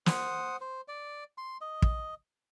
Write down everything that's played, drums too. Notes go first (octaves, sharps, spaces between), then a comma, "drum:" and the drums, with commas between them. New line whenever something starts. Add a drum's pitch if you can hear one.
C5 F#5 D#6, drum: snare
C5
D5
C6
D#5
drum: kick